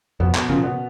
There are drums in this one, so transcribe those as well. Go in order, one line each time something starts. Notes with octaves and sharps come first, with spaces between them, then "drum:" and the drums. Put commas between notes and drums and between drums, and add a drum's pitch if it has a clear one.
F2 B2 B3
B2 B3, drum: clap
A#2 C#3 F3 A#3
B2 B3